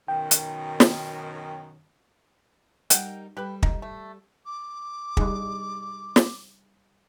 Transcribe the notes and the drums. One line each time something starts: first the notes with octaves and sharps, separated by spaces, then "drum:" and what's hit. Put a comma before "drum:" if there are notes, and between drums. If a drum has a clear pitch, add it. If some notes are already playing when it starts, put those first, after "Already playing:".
F#2 B2 D#3 G5
drum: hi-hat
drum: snare
G3 D#4 A#4 F#5 G5, drum: hi-hat
G3 G4 A4 B4
D#4, drum: kick
A3
D6
G3 D#4 G#4, drum: kick
drum: snare